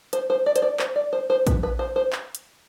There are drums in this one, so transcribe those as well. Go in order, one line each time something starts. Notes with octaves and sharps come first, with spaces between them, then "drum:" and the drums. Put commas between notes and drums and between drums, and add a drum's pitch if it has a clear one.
C5, drum: hi-hat
C5
D5
C5, drum: hi-hat
D5
C5, drum: clap
D5
C5
C5
B4, drum: kick, hi-hat
B4
C5
C5
drum: clap
drum: hi-hat